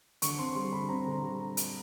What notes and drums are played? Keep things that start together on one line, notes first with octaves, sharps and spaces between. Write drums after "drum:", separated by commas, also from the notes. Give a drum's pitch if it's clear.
D3 C#6, drum: hi-hat
C4 C6
G3 C6
D3 B5
C4 A#5
D3 A#5
G3
drum: hi-hat